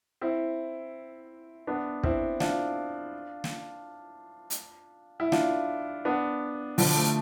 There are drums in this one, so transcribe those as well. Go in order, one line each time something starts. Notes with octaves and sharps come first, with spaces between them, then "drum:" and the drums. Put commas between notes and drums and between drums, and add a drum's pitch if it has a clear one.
C4 E4
B3 D4
C4 E4, drum: kick
D4 F4, drum: snare
drum: snare
drum: hi-hat
E4
D4 F4, drum: snare
B3 D4
D3 F3, drum: open hi-hat
F3 A3